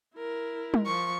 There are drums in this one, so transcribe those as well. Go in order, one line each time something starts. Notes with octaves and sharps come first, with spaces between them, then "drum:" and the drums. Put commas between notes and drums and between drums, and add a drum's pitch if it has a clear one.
E4 A#4
drum: tom G3
F3 C#6